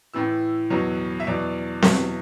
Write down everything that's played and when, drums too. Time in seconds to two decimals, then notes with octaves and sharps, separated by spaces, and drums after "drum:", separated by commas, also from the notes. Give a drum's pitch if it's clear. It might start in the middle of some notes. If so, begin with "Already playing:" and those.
0.14 A2 E3 E6
0.70 E2 B2 F#3
1.20 E5
1.27 E2 B2 F#3 D5
1.82 E2 B2 F#3 E5, drum: snare C4